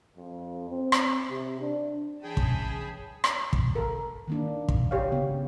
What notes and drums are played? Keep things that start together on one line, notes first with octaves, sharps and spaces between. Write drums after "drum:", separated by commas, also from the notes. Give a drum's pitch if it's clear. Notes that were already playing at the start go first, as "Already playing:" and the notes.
F2
C4
drum: rim click
C3
D4
E3 C#4 G#4 G5 A5 B5 D#6
drum: kick
drum: rim click
drum: kick
A4 A#4
D#3 A#3 D4
drum: kick
G4 C#5 F5
C#3 B3